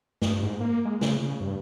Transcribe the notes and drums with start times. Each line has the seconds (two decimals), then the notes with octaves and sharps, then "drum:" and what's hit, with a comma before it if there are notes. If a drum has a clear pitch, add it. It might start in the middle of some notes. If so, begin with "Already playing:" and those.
0.22 G2, drum: snare
0.43 G#2
0.60 A#3
0.85 G#3
1.01 C#3, drum: snare
1.22 C#3
1.41 G2